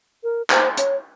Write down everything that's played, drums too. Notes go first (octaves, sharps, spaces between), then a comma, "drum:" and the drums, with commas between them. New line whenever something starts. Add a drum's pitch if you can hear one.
A#4
C5, drum: clap
C#5, drum: hi-hat